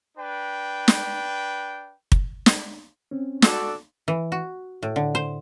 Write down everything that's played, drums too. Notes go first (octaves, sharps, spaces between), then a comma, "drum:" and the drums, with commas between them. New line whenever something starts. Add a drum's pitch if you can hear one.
D4 B4 G5
drum: snare
drum: kick
drum: snare
C4 C#4
F#4 A4 D5 E6, drum: snare
E3
F#4
A2
D3
C5